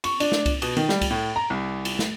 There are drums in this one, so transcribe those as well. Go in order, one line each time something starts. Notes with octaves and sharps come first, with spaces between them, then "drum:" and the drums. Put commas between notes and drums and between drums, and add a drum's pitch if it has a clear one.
C#6, drum: cymbal
D4, drum: cymbal
drum: snare
drum: kick C2, cymbal
B2, drum: cymbal
D#3, drum: cymbal
G3, drum: snare
drum: kick C2, cymbal
A2
A#5
C2
drum: cymbal
drum: snare